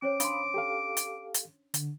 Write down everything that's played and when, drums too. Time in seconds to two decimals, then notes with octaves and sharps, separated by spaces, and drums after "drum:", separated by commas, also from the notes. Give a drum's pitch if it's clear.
0.02 C#4 C5 C#5 D6
0.20 D4 F5 B5 C6 D#6, drum: hi-hat
0.54 G4 A4 F5
0.97 drum: hi-hat
1.34 drum: hi-hat
1.74 D3, drum: hi-hat